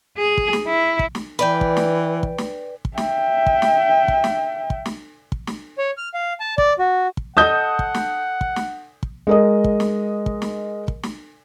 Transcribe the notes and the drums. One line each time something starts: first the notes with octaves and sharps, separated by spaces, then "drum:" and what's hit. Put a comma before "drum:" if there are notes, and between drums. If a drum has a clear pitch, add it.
G#4
drum: kick
drum: snare
E4
drum: kick
drum: snare
E3 B4 D5 G5
drum: kick
drum: snare
drum: kick
drum: snare
drum: kick
E5 G5, drum: snare
drum: kick
drum: snare
drum: kick
drum: snare
drum: kick
drum: snare
drum: kick
drum: snare
C#5
F6
F5
A5
D5, drum: kick
F#4
drum: kick
A4 D#5 F#5 A5 D#6 G6
drum: kick
drum: snare
drum: kick
drum: snare
drum: kick
G#3 A#4 D#5
drum: kick
drum: snare
drum: kick
drum: snare
drum: kick
drum: snare